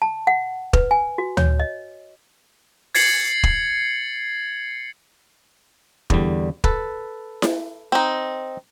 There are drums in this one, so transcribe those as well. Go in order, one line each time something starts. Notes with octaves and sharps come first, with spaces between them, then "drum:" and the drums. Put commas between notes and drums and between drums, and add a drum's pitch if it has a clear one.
A5
F#5
B4, drum: kick
G#5
F#4
C#5, drum: tom D2
D#5
G#6 A6 C7 C#7 F#7, drum: open hi-hat
drum: kick
E2 D3 G3, drum: kick
A4 B4, drum: kick
drum: snare E4
C4 D#4